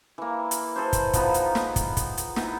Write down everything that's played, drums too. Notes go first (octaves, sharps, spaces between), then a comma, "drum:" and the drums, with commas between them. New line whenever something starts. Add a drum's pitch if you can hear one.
E3 A#3
drum: hi-hat
G#4 A4 B4 C5
drum: kick, hi-hat
F3 B3 D#4 A#5, drum: kick, hi-hat
drum: hi-hat
drum: snare
drum: kick, hi-hat
drum: kick, hi-hat
drum: hi-hat
B3 D#4 E4, drum: snare